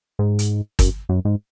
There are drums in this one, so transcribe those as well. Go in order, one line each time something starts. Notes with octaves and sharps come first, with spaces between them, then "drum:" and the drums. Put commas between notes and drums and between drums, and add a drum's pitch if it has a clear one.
G#2
drum: hi-hat
F#2, drum: kick, hi-hat
F#2
G#2